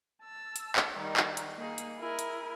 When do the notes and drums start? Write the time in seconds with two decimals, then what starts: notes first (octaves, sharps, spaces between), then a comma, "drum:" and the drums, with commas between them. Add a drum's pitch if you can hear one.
0.23 A5 E6
0.56 drum: hi-hat
0.76 drum: clap
0.93 D#3 G3
1.17 drum: clap
1.37 drum: hi-hat
1.58 A#3 D#4 G#4
1.78 drum: hi-hat
1.98 E4 G#4 A#4
2.19 drum: hi-hat